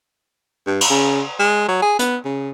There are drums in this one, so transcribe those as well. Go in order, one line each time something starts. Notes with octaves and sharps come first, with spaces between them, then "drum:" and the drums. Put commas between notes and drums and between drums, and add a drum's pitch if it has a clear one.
G2
drum: cymbal
C#3
G#3
F#3
G#4
B3, drum: hi-hat
C#3